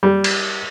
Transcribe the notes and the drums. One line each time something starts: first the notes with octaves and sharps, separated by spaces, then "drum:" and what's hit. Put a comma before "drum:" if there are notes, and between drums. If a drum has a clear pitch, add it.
G3
drum: cymbal